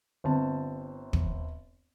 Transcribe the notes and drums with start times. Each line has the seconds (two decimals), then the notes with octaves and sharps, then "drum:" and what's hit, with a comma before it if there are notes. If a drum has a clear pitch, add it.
0.24 G1 C4 A5
1.13 drum: kick